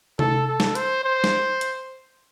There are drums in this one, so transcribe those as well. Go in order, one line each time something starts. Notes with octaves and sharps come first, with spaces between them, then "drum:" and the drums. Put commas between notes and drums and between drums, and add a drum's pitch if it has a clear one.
A4, drum: tom C3
A4
drum: snare
C5, drum: hi-hat
C5
drum: snare
drum: hi-hat